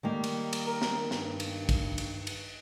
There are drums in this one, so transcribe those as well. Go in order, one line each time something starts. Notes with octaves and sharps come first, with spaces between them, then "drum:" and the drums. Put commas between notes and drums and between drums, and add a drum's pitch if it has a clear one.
D#3 G3 A#3
drum: cymbal
drum: cymbal
A#4
drum: snare
G2, drum: snare
drum: cymbal
drum: kick, cymbal
drum: cymbal
drum: cymbal